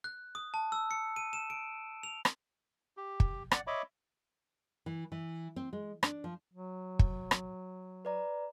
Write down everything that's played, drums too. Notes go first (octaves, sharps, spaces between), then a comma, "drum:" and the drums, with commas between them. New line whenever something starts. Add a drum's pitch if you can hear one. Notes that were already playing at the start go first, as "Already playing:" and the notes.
F#6
D#6
A5
E6
C#7
D#7
E7
D7
F7
drum: rim click
G4
drum: kick
D5 F#5, drum: rim click
C#5 D#5 E5 B5 D6
E3
E3
C4
G#3
D4, drum: rim click
F3
F#3
drum: kick
drum: rim click
B4 D5 A#5